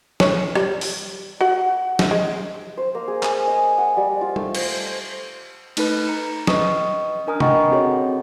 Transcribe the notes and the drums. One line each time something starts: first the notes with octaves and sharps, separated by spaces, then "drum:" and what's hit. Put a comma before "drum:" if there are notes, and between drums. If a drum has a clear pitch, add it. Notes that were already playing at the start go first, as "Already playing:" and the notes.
B4 C#5, drum: snare
G3, drum: rim click
drum: open hi-hat
F#4 F#5
drum: snare
G#3
C5
A#3
G#4
G#5, drum: clap
D#5
F#5
G3
F4
A3, drum: tom G3
C5, drum: cymbal
A3 D#4 A4 B4 B5 F#6, drum: cymbal
A#5 C#7
C#4 B4 D#5 C#6 D#6, drum: snare
D4 A#4 G#5 A#5 D#6 F6
D#5 F#5 G5 A#5 B5 C#6, drum: tom C3
C4 C#4 F#4 G#4 A4 C#5